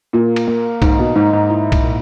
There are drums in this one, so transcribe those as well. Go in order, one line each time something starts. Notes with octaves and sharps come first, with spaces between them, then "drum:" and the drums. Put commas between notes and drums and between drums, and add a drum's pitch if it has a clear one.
A#2 A#3
drum: cymbal
A#3
G#2 D#4, drum: kick B1, cymbal
B2
G#2 D#4
G#2
E4
drum: kick B1, cymbal
A#2